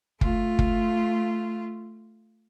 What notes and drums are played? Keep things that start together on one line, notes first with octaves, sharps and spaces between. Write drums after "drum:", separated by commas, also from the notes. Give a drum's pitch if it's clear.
A3 F4, drum: kick
drum: kick